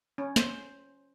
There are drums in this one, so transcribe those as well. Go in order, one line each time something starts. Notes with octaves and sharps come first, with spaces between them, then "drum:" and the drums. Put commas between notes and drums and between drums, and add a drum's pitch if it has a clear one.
C#4
C5, drum: snare